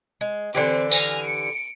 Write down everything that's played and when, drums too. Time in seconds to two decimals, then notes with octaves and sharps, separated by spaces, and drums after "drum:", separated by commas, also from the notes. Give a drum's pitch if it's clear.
0.21 G#3
0.55 D3 E3 C4 G4
0.92 G#5 F6 A#6, drum: tambourine
1.25 C#7 D7